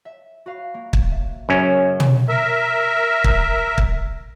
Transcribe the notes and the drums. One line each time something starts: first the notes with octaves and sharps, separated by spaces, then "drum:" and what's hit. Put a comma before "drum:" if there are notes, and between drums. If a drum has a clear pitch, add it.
E5
F#4 B4 F5
A#3
drum: kick
E5
F#2 C#3 C#4 C#5 E7
drum: tom
A#4 E5
drum: kick
drum: kick